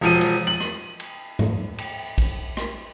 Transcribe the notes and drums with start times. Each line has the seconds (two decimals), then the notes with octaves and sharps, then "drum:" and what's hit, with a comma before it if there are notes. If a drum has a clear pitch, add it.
0.01 E1 F3 D#7
0.21 drum: cymbal
0.47 F#7
0.60 drum: rim click
1.00 drum: cymbal
1.39 drum: tom G#2
1.78 drum: cymbal
2.18 drum: kick A#1, cymbal
2.57 drum: rim click